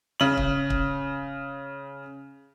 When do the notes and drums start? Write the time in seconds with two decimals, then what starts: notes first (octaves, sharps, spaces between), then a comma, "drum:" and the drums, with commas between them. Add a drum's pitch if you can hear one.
0.20 C#3 F#7
0.37 drum: kick
0.70 drum: kick